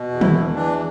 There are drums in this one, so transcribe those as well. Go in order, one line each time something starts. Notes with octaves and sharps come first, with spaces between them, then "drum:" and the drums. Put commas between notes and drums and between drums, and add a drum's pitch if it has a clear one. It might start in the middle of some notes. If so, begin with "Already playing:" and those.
Already playing: B2
E2
E4, drum: tom
E2
E3 D4